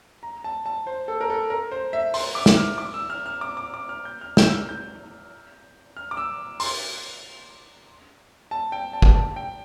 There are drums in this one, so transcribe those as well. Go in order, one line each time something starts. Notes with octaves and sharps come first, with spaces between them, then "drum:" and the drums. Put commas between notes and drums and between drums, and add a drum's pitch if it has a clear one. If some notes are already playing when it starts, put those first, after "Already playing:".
A#5
A5
A5
C5
A4
A#4
A4
A#4
C5
E5
C6, drum: open hi-hat
D6
drum: snare
F6
D6
E6
F6
F6
D6
D6
D6
F6
G6
F6
G6, drum: snare
E6
F6
G6
F6
D6
E6
C6, drum: open hi-hat
A5
G5
A5
drum: kick
A5
G5